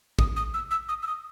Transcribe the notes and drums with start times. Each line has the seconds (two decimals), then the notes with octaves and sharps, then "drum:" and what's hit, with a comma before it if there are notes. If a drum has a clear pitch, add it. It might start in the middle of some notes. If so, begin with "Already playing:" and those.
0.19 D#6, drum: kick
0.36 D#6
0.54 E6
0.71 E6
0.89 D#6
1.02 E6
1.07 D#6